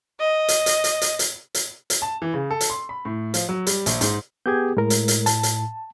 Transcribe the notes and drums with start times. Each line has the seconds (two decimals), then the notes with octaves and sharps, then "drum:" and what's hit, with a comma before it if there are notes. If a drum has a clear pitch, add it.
0.20 D#5
0.48 drum: hi-hat
0.66 drum: hi-hat
0.84 drum: hi-hat
1.01 drum: hi-hat
1.19 drum: hi-hat
1.54 drum: hi-hat
1.90 drum: hi-hat
2.02 A5
2.22 E3
2.34 C#3
2.51 A4
2.61 drum: hi-hat
2.70 C6
2.89 B5
3.05 A2
3.34 F3, drum: hi-hat
3.49 F#3
3.67 G3, drum: hi-hat
3.86 A#1, drum: hi-hat
4.01 G#2, drum: hi-hat
4.46 B3 G4 G#4 G6 G#6
4.77 A2 G#3 A#4
4.90 drum: hi-hat
5.08 drum: hi-hat
5.26 A5, drum: hi-hat
5.43 drum: hi-hat